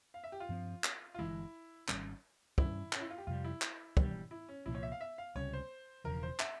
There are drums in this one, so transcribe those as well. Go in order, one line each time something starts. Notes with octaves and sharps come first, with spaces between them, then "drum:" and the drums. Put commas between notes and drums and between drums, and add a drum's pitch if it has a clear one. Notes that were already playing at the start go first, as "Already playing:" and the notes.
F5
E5
G4
F4
G2 F3 C4
drum: clap
F4
G1 F2 E3 G#3 E4
G#1 G2 G3 C#4, drum: clap
G2 G3 C#4 E4, drum: kick
C#4, drum: clap
E4
F4
G4
F2 C3 G3 F4
E4
drum: clap
E1 E2 E3 G3, drum: kick
E4
C#4
C2 A#2 F3 E4
C#5
E5
F5
E5
F5
C#2 C3 G3 C#4 C#5
C5
E1 E2 C#3 F3 A#4
C5
E5, drum: clap